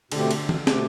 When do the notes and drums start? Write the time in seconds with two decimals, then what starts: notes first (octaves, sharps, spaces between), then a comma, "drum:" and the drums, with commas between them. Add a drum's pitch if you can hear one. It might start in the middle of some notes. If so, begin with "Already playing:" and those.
0.12 B2 D3 A3 C4 G4, drum: cymbal
0.31 drum: cymbal
0.49 drum: tom
0.67 B2 A3 C4 G4, drum: snare